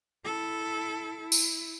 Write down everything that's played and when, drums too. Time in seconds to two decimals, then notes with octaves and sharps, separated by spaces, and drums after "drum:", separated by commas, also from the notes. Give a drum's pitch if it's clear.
0.24 E4 A4
1.21 E4
1.32 drum: tambourine